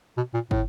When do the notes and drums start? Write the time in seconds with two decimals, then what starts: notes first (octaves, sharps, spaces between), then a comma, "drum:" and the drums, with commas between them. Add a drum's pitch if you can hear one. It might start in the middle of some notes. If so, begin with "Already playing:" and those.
0.17 B2
0.34 A#2
0.51 A2, drum: kick